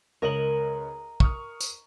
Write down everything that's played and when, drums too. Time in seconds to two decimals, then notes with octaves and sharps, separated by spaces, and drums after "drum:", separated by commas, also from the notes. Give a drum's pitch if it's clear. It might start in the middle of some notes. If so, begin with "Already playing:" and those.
0.22 C#2 A#4 C#5 D#5 F#7
1.20 C#6 D#6 F6, drum: kick
1.61 drum: tambourine